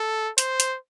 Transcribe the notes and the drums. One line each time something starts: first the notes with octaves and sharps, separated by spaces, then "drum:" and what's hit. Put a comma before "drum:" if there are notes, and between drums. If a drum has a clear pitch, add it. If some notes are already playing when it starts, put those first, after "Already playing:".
Already playing: A4
C5, drum: hi-hat
drum: hi-hat